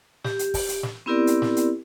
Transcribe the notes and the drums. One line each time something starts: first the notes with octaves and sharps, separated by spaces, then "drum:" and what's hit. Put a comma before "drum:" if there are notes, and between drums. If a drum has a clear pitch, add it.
G4, drum: snare
drum: hi-hat
drum: kick, open hi-hat
drum: hi-hat
drum: snare
B3 C4 E4 G4 A#4 D5
drum: hi-hat
drum: snare
drum: hi-hat